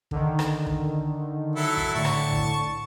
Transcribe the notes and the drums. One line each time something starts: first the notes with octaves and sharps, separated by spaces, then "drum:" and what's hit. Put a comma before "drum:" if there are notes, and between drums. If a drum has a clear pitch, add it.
D3 D#3, drum: kick
drum: rim click
drum: kick
F#3 E4 A4
drum: kick
A2 D3 A5 C#6
drum: rim click
drum: kick